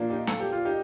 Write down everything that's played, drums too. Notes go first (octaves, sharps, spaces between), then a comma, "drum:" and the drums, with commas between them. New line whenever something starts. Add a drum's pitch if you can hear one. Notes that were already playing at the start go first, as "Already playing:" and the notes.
Already playing: A#2 F3 A#3 D4
D#4 G4
A4, drum: snare
G4
F4
D#4 G4